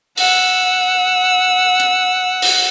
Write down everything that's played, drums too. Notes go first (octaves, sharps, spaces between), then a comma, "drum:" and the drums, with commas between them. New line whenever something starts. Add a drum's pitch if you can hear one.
F#5 E6, drum: open hi-hat
drum: hi-hat
drum: open hi-hat